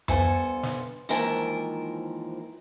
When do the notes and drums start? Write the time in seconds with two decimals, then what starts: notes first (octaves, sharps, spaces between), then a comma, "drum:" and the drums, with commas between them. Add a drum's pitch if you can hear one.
0.08 G2 B3 A4 C5 G#5, drum: tom F2
0.63 drum: snare
1.09 D#2 G#2 E3 F3 A#4 A5, drum: hi-hat